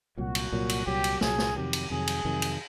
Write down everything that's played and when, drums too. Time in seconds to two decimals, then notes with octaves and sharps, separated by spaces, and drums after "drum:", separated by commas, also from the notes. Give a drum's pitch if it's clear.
0.18 C2 A#2 F#3 F#4
0.35 drum: cymbal
0.52 C2 A#2 F#3
0.69 drum: cymbal
0.87 C2 A#2 F#3 G4
1.04 drum: cymbal
1.21 C2 A#2 F#3 G#4, drum: snare
1.38 drum: snare
1.55 F2 C3 D#3 F#3 G4
1.73 drum: cymbal
1.90 F2 C3 D#3 F#3 G#4
2.07 drum: cymbal
2.25 F2 C3 D#3 F#3
2.42 drum: cymbal